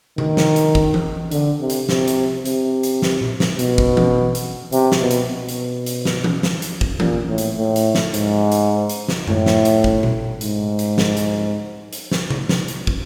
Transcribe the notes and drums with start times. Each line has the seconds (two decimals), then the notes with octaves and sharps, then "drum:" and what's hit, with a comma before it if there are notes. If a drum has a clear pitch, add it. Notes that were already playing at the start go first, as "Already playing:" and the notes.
0.18 D#3, drum: tom C3
0.37 drum: snare
0.56 drum: hi-hat
0.75 drum: kick
0.94 drum: tom E3
1.31 D3, drum: hi-hat
1.60 C3
1.70 drum: hi-hat
1.89 C3, drum: snare
2.08 drum: hi-hat
2.45 C3, drum: hi-hat
2.83 drum: hi-hat
3.02 drum: snare
3.21 drum: tom A#2
3.40 drum: snare
3.59 B2, drum: hi-hat
3.78 drum: kick
3.97 drum: tom E3
4.35 drum: hi-hat
4.72 C3, drum: hi-hat
4.92 drum: snare
5.01 B2
5.11 drum: hi-hat
5.30 B2
5.49 drum: hi-hat
5.86 drum: hi-hat
6.05 drum: snare
6.24 drum: tom E3
6.43 drum: snare
6.62 drum: hi-hat
6.81 drum: kick
7.00 A#2, drum: tom E3
7.28 A2
7.38 drum: hi-hat
7.57 A2
7.76 drum: hi-hat
7.95 drum: snare
8.14 G#2, drum: hi-hat
8.52 drum: hi-hat
8.90 drum: hi-hat
9.08 drum: snare
9.27 A2, drum: tom F#2
9.46 drum: snare
9.65 drum: hi-hat
9.84 drum: kick
10.03 drum: tom A#2
10.41 G#2, drum: hi-hat
10.79 drum: hi-hat
10.98 drum: snare
11.17 drum: hi-hat
11.93 drum: hi-hat
12.12 drum: snare
12.30 drum: tom C3
12.49 drum: snare
12.68 drum: hi-hat
12.87 drum: kick